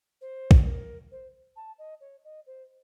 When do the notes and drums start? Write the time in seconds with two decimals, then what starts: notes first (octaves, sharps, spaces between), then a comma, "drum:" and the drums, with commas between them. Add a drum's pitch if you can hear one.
0.21 C5
0.51 drum: kick
0.65 A#4
1.11 C5
1.56 A5
1.78 D#5
2.01 C#5
2.24 D#5
2.47 C5